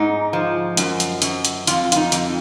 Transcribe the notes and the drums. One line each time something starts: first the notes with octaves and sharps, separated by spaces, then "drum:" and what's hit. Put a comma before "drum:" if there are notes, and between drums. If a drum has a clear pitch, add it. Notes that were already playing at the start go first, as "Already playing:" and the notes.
Already playing: G#2 D#4
F3
F#2, drum: hi-hat
drum: hi-hat
F#2, drum: hi-hat
drum: hi-hat
F2 F4, drum: hi-hat
F4, drum: hi-hat
D#4
F2, drum: hi-hat